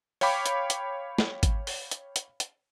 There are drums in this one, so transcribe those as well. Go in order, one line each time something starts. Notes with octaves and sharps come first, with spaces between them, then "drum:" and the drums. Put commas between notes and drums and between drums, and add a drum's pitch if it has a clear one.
C#5 F5 G5 B5 D6, drum: open hi-hat
drum: hi-hat
drum: hi-hat
drum: snare
drum: kick G#1, hi-hat
drum: open hi-hat
drum: hi-hat
drum: hi-hat
drum: hi-hat